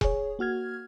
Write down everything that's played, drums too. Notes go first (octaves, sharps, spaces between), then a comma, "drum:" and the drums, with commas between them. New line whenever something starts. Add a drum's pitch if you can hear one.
G#4 C#5, drum: kick E1
A#3 F#4 F6 G#6